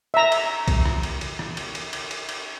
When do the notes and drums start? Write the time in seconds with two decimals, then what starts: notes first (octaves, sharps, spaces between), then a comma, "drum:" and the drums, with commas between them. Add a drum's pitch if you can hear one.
0.14 E5 A#5
0.32 drum: cymbal
0.68 drum: kick, cymbal
0.85 drum: rim click
1.03 drum: cymbal
1.21 drum: cymbal
1.39 drum: rim click
1.57 drum: cymbal
1.75 drum: cymbal
1.93 drum: cymbal
2.11 drum: cymbal
2.29 drum: cymbal